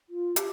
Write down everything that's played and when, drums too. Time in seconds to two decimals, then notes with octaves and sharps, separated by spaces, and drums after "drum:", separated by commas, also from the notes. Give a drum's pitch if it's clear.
0.09 F4
0.36 G4, drum: hi-hat